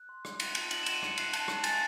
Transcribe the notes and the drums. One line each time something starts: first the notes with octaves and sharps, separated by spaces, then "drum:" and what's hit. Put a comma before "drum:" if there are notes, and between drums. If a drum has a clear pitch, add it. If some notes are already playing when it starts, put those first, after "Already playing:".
Already playing: F#6
C6
C6, drum: rim click
F#6, drum: cymbal
A5, drum: cymbal
A5 F#7, drum: cymbal
E7
C6, drum: cymbal
D#7
A5 C#7, drum: rim click
F#6 C7, drum: cymbal
A5, drum: cymbal
A5, drum: rim click
G#5 A6, drum: cymbal